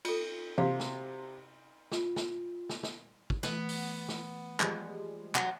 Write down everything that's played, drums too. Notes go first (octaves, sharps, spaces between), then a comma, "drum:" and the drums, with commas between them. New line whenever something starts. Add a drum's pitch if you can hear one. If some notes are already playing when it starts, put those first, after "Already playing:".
F4 A4, drum: cymbal
C3 F#4 F5, drum: tom E3
drum: snare
F4, drum: snare
drum: snare
drum: snare
drum: snare
drum: kick
E3 A3 B3, drum: snare
drum: open hi-hat
drum: snare
F3 G3 G#3, drum: clap
F#3, drum: clap